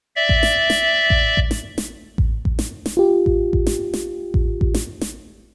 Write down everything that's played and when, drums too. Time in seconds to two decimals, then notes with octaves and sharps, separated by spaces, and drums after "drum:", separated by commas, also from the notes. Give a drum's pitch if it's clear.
0.16 D5 E5
0.29 drum: kick A1
0.43 drum: snare
0.70 drum: snare
1.10 drum: kick A1
1.37 drum: kick A1
1.51 drum: snare
1.78 drum: snare
2.18 drum: kick A1
2.45 drum: kick A1
2.59 drum: snare
2.86 drum: snare
2.97 F4 G4
3.26 drum: kick A1
3.53 drum: kick A1
3.67 drum: snare
3.94 drum: snare
4.34 drum: kick A1
4.61 drum: kick A1
4.74 drum: snare
5.01 drum: snare